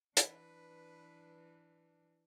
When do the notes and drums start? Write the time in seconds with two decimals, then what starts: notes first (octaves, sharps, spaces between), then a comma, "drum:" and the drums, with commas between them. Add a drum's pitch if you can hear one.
0.17 E3 D4 B4, drum: hi-hat